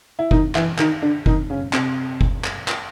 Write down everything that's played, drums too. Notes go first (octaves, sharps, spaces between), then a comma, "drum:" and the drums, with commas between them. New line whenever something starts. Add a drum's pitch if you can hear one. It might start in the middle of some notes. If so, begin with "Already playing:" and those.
E4
D#3 D#4, drum: kick F#1
E3 E4, drum: clap
D#3 D#4, drum: clap
D3 D4
D#3 D#4, drum: kick F#1
C#3 C#4
C3 C4, drum: clap
drum: kick F#1
drum: clap
drum: clap